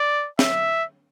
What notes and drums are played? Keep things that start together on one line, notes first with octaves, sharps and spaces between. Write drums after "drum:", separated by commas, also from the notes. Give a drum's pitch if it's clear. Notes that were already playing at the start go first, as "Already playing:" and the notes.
Already playing: D5
E5, drum: snare